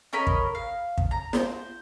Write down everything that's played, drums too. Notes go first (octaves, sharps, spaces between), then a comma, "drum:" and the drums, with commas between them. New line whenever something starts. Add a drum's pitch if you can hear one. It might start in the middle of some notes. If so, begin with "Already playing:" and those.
C#4 A#4 D#5 B5
drum: kick
F5
drum: kick
A#5
C5, drum: snare